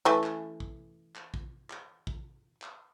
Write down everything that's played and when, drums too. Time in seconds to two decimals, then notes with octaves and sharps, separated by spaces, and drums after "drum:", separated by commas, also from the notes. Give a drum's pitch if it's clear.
0.05 E3 A3 C#4
0.24 drum: clap
0.60 drum: kick
1.15 drum: clap
1.34 drum: kick
1.70 drum: clap
2.07 drum: kick
2.62 drum: clap